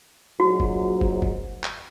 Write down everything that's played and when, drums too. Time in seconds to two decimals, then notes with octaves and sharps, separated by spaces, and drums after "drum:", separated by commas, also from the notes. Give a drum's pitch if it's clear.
0.39 A#1 G#2 F#3 F#4
0.60 drum: kick
1.01 drum: kick
1.22 drum: kick
1.64 drum: clap